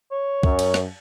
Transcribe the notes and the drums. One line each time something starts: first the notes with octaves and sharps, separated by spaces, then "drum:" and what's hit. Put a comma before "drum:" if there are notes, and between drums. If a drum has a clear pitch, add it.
C#5
F#2, drum: kick
drum: cymbal
drum: rim click